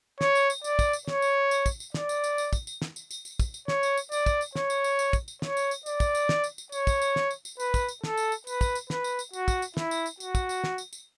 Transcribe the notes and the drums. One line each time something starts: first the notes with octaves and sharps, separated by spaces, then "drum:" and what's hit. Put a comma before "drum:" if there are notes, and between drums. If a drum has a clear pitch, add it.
C#5, drum: snare
drum: tambourine
drum: tambourine
D5, drum: tambourine
drum: kick, tambourine
drum: tambourine
C#5, drum: snare
drum: tambourine
drum: tambourine
drum: kick, tambourine
drum: tambourine
D5, drum: snare
drum: tambourine
drum: tambourine
drum: tambourine
drum: kick, tambourine
drum: tambourine
drum: snare
drum: tambourine
drum: tambourine
drum: tambourine
drum: kick, tambourine
drum: tambourine
C#5, drum: snare
drum: tambourine
drum: tambourine
D5, drum: tambourine
drum: kick, tambourine
drum: tambourine
C#5, drum: snare
drum: tambourine
drum: tambourine
drum: tambourine
drum: kick, tambourine
drum: tambourine
C#5, drum: snare
drum: tambourine
drum: tambourine
D5, drum: tambourine
drum: kick, tambourine
drum: tambourine
drum: snare
drum: tambourine
drum: tambourine
C#5, drum: tambourine
drum: kick, tambourine
drum: tambourine
drum: snare
drum: tambourine
drum: tambourine
B4, drum: tambourine
drum: kick, tambourine
drum: tambourine
A4, drum: snare
drum: tambourine
drum: tambourine
B4, drum: tambourine
drum: kick, tambourine
drum: tambourine
B4, drum: snare
drum: tambourine
drum: tambourine
F#4, drum: tambourine
drum: kick, tambourine
drum: tambourine
E4, drum: snare
drum: tambourine
drum: tambourine
F#4, drum: tambourine
drum: kick, tambourine
drum: tambourine
drum: snare
drum: tambourine
drum: tambourine